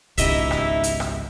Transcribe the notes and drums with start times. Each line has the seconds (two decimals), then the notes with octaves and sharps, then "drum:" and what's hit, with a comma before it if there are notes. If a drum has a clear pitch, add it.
0.18 G#1 C#2 B2 D#4 E4 G4 D#5 E5, drum: kick C2, hi-hat
0.51 drum: rim click
0.84 drum: hi-hat
1.00 drum: rim click